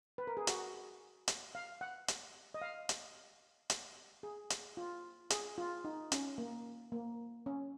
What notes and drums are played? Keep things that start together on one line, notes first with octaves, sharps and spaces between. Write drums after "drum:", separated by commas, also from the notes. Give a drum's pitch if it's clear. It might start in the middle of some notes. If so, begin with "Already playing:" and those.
B4
A#4
G#4
F#4, drum: hi-hat
drum: hi-hat
F5
F#5
drum: hi-hat
D#5
F5
drum: hi-hat
drum: hi-hat
G#4
drum: hi-hat
F4
G#4, drum: hi-hat
F4
D#4
C#4, drum: hi-hat
A#3
A#3
C#4